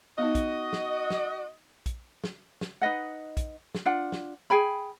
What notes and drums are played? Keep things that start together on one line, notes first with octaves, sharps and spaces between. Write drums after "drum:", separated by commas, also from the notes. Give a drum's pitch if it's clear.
B3 D#4 F#4 D#5
drum: kick, hi-hat
drum: snare
drum: snare
drum: kick, hi-hat
drum: snare
drum: snare
D#4 B4 D#5 F#5
drum: kick, hi-hat
drum: snare
D4 F4 F#5
drum: snare
G#4 G5 G#5 B5